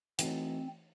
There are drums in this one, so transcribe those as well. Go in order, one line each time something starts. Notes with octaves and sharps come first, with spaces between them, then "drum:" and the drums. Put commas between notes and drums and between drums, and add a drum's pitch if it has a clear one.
E3 A3 C4 D#4 F#4, drum: hi-hat